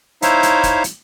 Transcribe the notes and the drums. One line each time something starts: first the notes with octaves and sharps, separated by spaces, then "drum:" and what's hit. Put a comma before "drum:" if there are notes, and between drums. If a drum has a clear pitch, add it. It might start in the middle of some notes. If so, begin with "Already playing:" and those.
D#4 E4 C5 C#5 E5 F5, drum: hi-hat
drum: hi-hat
drum: kick, hi-hat
drum: hi-hat